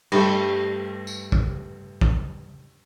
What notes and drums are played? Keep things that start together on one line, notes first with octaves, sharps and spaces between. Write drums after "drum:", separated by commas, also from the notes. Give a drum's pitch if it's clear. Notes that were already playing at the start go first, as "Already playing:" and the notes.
G2 G3 A3 C5, drum: cymbal
drum: tambourine
drum: kick
drum: kick